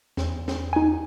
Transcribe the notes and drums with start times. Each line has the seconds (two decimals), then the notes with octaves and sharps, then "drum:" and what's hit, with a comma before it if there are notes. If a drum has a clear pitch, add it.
0.17 E2, drum: snare
0.48 drum: snare
0.73 D#4 G#5